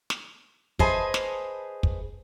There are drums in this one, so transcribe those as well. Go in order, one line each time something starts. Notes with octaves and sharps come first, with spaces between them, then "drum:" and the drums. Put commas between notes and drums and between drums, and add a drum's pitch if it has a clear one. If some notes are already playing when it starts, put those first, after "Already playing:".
drum: snare
G#4 B4 C5 D#5 G#5 A5, drum: kick
drum: snare
drum: kick